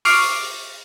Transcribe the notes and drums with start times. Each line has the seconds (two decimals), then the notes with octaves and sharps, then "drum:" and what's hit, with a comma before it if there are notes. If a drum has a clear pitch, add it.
0.05 C#6 D6 F6 C7 D7, drum: open hi-hat